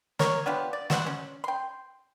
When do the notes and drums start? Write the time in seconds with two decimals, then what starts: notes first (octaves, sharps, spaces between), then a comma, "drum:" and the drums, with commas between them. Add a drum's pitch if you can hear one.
0.19 A#4 C#5, drum: snare
0.46 B3 D4 F4 G4
0.73 D5
0.90 F#4 C5 E5 F#5, drum: snare
1.06 C#4
1.44 G5 C6